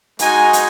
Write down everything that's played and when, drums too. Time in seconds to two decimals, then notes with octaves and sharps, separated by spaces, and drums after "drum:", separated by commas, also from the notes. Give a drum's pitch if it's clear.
0.19 G#3 D#4 F#4 G#5, drum: hi-hat
0.53 drum: hi-hat